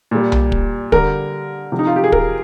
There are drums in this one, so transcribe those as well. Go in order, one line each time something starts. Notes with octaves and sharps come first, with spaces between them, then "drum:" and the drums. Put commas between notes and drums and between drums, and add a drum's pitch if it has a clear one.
A#2 G3
drum: tom B1
drum: kick
D3 G3 A#4, drum: kick
C3 F3
D#4
F4
G4
G#4
A#4, drum: kick